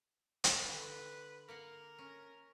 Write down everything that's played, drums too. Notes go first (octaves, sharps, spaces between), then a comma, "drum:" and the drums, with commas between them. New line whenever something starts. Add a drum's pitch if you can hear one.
drum: hi-hat
D3 F4 B4
A#3 A#4 F5 F#5
C#4